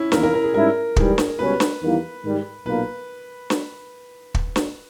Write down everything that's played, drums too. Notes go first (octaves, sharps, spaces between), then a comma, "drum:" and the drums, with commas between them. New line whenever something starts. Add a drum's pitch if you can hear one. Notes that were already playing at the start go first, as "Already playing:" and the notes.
Already playing: C#4 E4
E2 D#3 A#3 D#4 A#4, drum: snare
A#4
A#4
G#4
G#2 G3 C#4 E4 A#4
G#2 E3 G3 G#4, drum: kick
drum: snare
C#2 B2 G3 C#4 B4
drum: snare
E2 D#3 G3 A#3 E4
G#2 D#3 G3
B1 A#2 A#3 B4
drum: snare
drum: kick
drum: snare